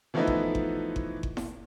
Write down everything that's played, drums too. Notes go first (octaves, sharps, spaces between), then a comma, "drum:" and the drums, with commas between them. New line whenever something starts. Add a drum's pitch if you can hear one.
E3 F3 A3 B3 D#4 E4
drum: kick G1
drum: kick G1
drum: kick G1
drum: kick G1
drum: snare E4